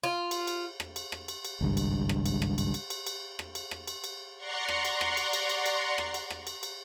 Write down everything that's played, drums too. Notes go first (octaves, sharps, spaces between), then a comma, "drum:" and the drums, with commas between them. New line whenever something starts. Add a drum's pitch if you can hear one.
F4
drum: cymbal
drum: cymbal
drum: rim click
drum: cymbal
drum: rim click
drum: cymbal
drum: cymbal
G#1 C#2 G2
drum: cymbal
drum: rim click
drum: cymbal
drum: rim click
drum: cymbal
drum: cymbal
drum: cymbal
drum: cymbal
drum: rim click
drum: cymbal
drum: rim click
drum: cymbal
drum: cymbal
D5 F#5 A#5 C6 C#6
drum: rim click
drum: cymbal
drum: rim click
drum: cymbal
drum: cymbal
drum: cymbal
drum: cymbal
drum: rim click
drum: cymbal
drum: rim click
drum: cymbal
drum: cymbal